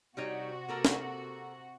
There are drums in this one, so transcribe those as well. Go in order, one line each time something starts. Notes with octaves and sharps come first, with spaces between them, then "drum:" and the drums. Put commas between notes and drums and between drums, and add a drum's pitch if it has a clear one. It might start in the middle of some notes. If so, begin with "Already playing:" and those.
C3 G3 D#4 F#4 C#5
A#3 A4 A#4
drum: snare